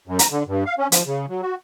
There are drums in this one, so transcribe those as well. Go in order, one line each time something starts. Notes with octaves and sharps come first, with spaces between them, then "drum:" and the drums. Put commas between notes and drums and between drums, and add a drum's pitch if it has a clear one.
F#2
A#5, drum: hi-hat
D3
G2
F5
C#4
F3, drum: hi-hat
C#3
F#3
F#4